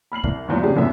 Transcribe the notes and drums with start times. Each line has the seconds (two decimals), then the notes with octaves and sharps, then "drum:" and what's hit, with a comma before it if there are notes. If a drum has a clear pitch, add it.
0.12 B5 F6 C7 F#7
0.24 C2, drum: kick
0.48 G1 E2 F#3
0.63 C#3 C4 D4 G4 G#4
0.75 C2 F#2 B3 E5